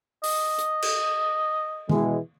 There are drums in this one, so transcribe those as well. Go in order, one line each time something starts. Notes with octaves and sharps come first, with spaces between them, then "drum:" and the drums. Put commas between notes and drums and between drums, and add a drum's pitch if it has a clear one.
D#5, drum: open hi-hat
drum: hi-hat
drum: cymbal
B2 E3 G#3, drum: tom D#3